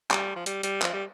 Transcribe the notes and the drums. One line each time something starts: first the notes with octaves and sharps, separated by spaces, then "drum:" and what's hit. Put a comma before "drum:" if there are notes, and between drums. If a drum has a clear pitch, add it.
G3, drum: clap
F3
G3, drum: hi-hat
G3, drum: hi-hat
F3, drum: clap
G3